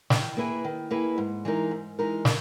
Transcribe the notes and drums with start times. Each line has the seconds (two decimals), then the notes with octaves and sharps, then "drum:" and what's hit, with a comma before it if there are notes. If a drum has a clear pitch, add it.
0.10 D#3, drum: snare
0.37 A#3 E4 G#4 B4
0.64 D#3
0.91 A#3 E4 G#4 B4
1.18 G#2
1.45 E3 G#3 D#4 A#4
1.71 G#2
1.99 E3 G#3 D#4 A#4
2.25 drum: snare